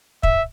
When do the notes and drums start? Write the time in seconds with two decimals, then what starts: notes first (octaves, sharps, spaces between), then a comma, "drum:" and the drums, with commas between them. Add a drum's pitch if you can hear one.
0.23 E5, drum: kick